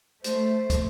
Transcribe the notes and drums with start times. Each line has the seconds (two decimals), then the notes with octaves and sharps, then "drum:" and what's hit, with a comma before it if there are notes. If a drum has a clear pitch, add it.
0.24 A3 C5, drum: hi-hat
0.70 drum: kick, hi-hat